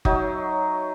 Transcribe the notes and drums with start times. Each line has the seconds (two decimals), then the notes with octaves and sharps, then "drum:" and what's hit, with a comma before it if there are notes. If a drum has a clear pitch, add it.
0.05 F#3 D#4 C#5 E5, drum: kick F#1